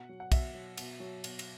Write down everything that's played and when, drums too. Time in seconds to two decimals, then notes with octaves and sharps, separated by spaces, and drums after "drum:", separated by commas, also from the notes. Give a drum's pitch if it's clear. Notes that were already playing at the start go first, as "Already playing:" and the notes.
Already playing: B2 F#5
0.09 F#3
0.20 F#5
0.32 B2 E5, drum: kick, cymbal
0.55 F#3
0.77 B2, drum: cymbal
1.00 F#3
1.24 B2, drum: cymbal
1.39 drum: cymbal